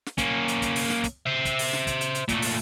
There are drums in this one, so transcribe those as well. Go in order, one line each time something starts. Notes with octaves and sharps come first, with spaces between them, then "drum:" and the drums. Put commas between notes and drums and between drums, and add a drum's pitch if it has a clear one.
drum: snare
A#3 C#4, drum: kick, hi-hat
drum: hi-hat
drum: kick, hi-hat
drum: open hi-hat
drum: snare
drum: kick, hi-hat
C5 E5
drum: kick, hi-hat
drum: open hi-hat
drum: snare
drum: kick, hi-hat
drum: hi-hat
drum: hi-hat
A#2 A3, drum: kick, hi-hat
drum: open hi-hat